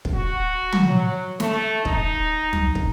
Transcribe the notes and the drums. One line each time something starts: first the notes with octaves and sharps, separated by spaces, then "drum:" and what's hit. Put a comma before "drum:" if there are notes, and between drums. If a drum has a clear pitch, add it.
drum: kick
F#4
drum: tom
F#3
A3, drum: snare
D#4, drum: kick
drum: tom
drum: kick